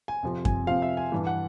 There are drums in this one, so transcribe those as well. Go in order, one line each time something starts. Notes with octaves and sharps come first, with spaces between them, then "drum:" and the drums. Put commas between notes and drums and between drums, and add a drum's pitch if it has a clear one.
G#5
F2 C3 F3
G#5, drum: kick F#2
F2 C3 F3 F5
E5
G#5
G2 E3
F#5